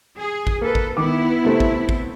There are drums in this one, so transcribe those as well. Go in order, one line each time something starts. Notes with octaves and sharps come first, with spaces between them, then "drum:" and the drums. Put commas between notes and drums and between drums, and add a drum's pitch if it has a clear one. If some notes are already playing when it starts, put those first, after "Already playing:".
G#4
drum: kick G#1
A#3 A4 B4
drum: kick G#1
D#3 B3 E4 D6
C3 A3 C4
drum: kick G#1
drum: kick G#1